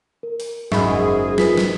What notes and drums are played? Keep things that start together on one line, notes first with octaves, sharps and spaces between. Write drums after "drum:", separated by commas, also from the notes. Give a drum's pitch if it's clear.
A#4
drum: open hi-hat
F#1 G#2 F#4 G#4 D#5 E5 B5 C#6, drum: snare
F4 A#4 B4 B6, drum: snare
drum: snare